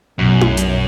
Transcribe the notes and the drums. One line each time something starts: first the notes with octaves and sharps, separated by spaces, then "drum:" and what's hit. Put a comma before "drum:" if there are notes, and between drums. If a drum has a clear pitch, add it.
B1 F#2
drum: tom E4
drum: hi-hat